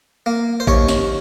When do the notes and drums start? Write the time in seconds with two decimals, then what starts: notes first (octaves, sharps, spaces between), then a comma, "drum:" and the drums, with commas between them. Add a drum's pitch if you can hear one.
0.26 A#3
0.60 C5
0.67 D#2 C#5, drum: kick A1
0.88 drum: snare